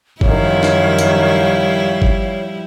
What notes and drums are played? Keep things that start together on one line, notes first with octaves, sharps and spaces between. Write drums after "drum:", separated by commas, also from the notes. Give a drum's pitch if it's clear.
F#2 D#3 F3 G3 E4 C#5 F5, drum: kick G1
drum: snare
drum: hi-hat
drum: kick G1